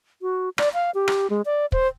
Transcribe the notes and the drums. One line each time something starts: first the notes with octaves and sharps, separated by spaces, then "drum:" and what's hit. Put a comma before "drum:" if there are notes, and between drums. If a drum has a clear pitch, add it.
F#4
D5, drum: rim click
F5
G4
drum: rim click
G#3
D5
C5, drum: kick